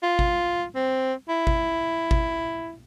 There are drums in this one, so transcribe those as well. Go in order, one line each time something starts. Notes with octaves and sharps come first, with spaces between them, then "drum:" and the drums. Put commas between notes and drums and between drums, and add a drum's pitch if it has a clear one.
F4
drum: kick G#1
C4
E4
drum: kick G#1
drum: kick G#1